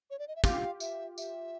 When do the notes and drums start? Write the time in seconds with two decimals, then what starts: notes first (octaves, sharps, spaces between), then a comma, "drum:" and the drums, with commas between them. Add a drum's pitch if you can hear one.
0.10 C#5
0.19 D5
0.28 D#5
0.36 E5
0.44 F4 G4 F5, drum: kick, tambourine
0.80 E5, drum: tambourine
1.18 E5, drum: tambourine